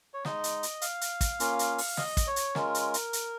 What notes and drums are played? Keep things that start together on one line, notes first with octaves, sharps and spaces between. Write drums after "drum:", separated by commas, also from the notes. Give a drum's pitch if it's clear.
C#5
G#3 D#4 D#5, drum: snare
drum: hi-hat
drum: hi-hat
F5, drum: hi-hat
drum: hi-hat
drum: kick, hi-hat
A#3 C#4 F4, drum: hi-hat
drum: hi-hat
drum: open hi-hat
D#5, drum: snare
drum: kick, hi-hat
C#5
drum: hi-hat
G#3 C#4 F4 A#4, drum: snare
drum: hi-hat
drum: hi-hat
drum: hi-hat